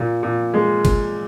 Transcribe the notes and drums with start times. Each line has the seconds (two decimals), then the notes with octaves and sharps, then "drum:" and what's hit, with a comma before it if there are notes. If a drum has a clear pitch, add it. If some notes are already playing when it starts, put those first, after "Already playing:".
Already playing: A#2
0.23 A#2
0.54 G#3
0.85 drum: kick G#1, cymbal